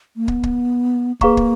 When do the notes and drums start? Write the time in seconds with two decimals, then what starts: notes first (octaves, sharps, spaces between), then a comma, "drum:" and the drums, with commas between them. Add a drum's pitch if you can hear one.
0.16 A#3
0.28 B3, drum: kick
0.43 drum: kick
1.21 A#3 G#4 B4 F5 A#5 C#6, drum: kick
1.37 drum: kick